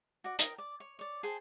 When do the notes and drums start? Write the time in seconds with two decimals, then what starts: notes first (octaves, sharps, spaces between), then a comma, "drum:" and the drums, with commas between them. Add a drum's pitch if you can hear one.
0.24 F#4 D5
0.39 A#4 G5 D#6, drum: hi-hat
0.58 D5
0.80 C#5
0.99 C#5 D5
1.23 G#4 C5 G5 A5